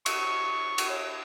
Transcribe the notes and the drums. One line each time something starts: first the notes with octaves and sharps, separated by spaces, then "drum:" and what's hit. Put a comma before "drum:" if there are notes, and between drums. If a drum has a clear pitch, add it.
C#6, drum: cymbal
drum: cymbal
C#5